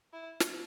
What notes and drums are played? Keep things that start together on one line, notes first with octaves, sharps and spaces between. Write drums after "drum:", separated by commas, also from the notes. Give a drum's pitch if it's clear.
E4
drum: snare